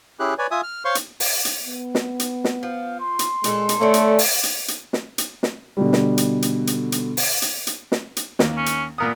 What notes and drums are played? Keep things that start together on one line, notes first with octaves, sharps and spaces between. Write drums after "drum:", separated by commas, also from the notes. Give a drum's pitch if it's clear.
C#4 E4 G4 G#4 F#6
B4 C#5 D5 G#5
F4 E5 G#5 D#6
F6
C5 C#5 F5 C6 C#6
drum: hi-hat
drum: open hi-hat
drum: hi-hat
B3
drum: snare
drum: hi-hat
drum: snare
F3 F5
C6
drum: hi-hat
A#2 G#3 A4, drum: hi-hat
drum: hi-hat
D3 A3 C4 C#4 A4
drum: hi-hat
drum: open hi-hat
drum: hi-hat
drum: hi-hat
drum: snare
drum: hi-hat
drum: snare
B2 D3 G3
drum: snare
drum: hi-hat
drum: hi-hat
drum: hi-hat
drum: hi-hat
drum: open hi-hat
drum: hi-hat
drum: hi-hat
drum: snare
drum: hi-hat
D#2 A#3, drum: snare
C#4
drum: hi-hat
A#2 B3 A#4 D#6